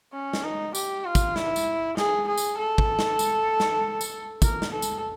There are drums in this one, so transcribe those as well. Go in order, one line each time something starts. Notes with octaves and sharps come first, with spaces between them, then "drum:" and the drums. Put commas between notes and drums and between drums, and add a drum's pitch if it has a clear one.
C#4
drum: snare
D#4
G4, drum: tambourine
F4
drum: kick, tambourine
E4, drum: snare
drum: tambourine
G#4, drum: snare
G#4
drum: tambourine
A4
drum: kick
drum: snare
drum: tambourine
drum: snare
drum: tambourine
A#4, drum: kick, tambourine
drum: snare
A4
drum: tambourine